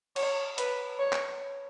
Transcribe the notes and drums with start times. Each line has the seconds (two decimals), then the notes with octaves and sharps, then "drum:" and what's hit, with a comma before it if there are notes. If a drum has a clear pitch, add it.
0.16 C#5, drum: cymbal
0.58 B4, drum: hi-hat
0.99 C#5
1.13 drum: clap